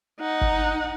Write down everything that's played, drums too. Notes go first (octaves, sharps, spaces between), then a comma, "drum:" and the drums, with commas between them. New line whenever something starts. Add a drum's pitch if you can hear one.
D#4 F#5
drum: kick